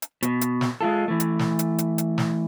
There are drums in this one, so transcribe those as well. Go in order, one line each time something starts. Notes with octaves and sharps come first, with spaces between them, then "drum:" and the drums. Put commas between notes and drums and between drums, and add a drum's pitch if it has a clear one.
drum: hi-hat
B2, drum: hi-hat
drum: hi-hat
drum: snare
G#3 F4 A4
E3 A3
drum: hi-hat
drum: snare
drum: hi-hat
drum: hi-hat
drum: hi-hat
drum: snare